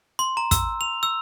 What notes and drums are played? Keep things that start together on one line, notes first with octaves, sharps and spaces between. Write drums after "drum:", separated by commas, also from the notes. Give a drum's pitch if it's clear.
C6
A#5
E6, drum: kick, hi-hat
F7
E6